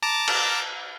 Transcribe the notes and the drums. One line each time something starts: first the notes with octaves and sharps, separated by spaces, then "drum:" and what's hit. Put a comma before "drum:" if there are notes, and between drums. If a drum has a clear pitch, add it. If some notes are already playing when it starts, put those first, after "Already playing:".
A5 A#5 D6
drum: cymbal